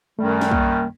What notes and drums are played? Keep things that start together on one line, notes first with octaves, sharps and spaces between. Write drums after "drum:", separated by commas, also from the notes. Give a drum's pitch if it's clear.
F#2 D#3 G3 A3
drum: snare
A#3, drum: kick